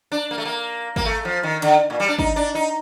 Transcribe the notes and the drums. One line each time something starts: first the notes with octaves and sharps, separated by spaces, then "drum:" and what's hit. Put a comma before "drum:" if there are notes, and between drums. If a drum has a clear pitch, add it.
D4
A#3
A3
A#3
A#3, drum: kick G#1
A3
F3
D#3
D3, drum: hi-hat
A#2
G3
D4
D#4, drum: kick G#1
D4
D#4